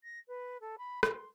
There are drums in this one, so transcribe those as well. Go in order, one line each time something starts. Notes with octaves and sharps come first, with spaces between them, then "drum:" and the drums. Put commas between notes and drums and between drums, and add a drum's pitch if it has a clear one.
A#6
B4
A4
B5
C6, drum: rim click